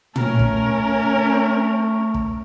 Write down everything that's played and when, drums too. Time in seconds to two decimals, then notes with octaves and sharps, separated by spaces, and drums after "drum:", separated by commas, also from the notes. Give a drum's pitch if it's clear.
0.16 A3 C#4 A#4, drum: tom
0.39 drum: kick
2.14 drum: kick